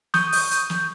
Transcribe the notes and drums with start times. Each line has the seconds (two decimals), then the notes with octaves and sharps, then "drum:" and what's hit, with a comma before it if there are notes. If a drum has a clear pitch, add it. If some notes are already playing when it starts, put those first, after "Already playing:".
0.14 C#6 D#6 G6, drum: snare
0.32 drum: open hi-hat
0.51 drum: hi-hat
0.70 drum: snare